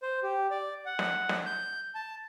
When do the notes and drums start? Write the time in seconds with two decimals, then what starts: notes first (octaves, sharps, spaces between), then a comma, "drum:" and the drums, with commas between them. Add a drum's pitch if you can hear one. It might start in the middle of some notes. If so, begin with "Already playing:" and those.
0.02 C5
0.23 G4
0.51 D5
0.86 F#5
0.99 drum: snare
1.29 drum: snare
1.46 G6
1.95 A5